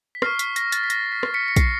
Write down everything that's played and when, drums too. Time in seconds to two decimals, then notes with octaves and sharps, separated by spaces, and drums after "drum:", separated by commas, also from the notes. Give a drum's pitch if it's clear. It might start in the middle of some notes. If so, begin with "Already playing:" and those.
0.15 B6
0.22 C#6 F6 C7, drum: rim click
0.39 B6, drum: hi-hat
0.56 A#6, drum: hi-hat
0.72 A6, drum: hi-hat
0.84 B6
0.90 A#6, drum: hi-hat
1.12 B6
1.23 drum: rim click
1.34 B6 C#7
1.48 C#7
1.56 C7, drum: kick A#1, hi-hat